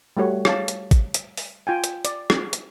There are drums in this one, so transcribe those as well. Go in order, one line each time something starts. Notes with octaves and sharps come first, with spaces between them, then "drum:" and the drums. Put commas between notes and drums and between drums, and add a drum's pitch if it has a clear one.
G3 A3 F#4 C#5
C#5 F5 A5, drum: rim click
drum: hi-hat
drum: kick, hi-hat
drum: hi-hat
drum: open hi-hat
F4 G5 G#5
drum: hi-hat
D5, drum: hi-hat
drum: rim click
drum: hi-hat